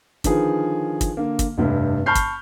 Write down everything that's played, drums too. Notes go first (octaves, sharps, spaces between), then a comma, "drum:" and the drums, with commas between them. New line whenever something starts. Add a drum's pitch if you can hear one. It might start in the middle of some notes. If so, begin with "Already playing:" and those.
D3 D#3 F3 G#4 B4, drum: kick, hi-hat
drum: kick, hi-hat
D3 A#3
drum: kick, hi-hat
F1 G2 C3
A5 B5 C#6 F6 G6 C7
drum: kick, hi-hat